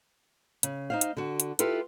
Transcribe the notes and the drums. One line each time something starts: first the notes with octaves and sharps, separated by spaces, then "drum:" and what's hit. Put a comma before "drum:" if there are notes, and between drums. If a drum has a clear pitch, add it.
C#3, drum: hi-hat
D#4 C5 F5
drum: hi-hat
D3 F#4
drum: hi-hat
E4 F4 G4 A4 B4, drum: hi-hat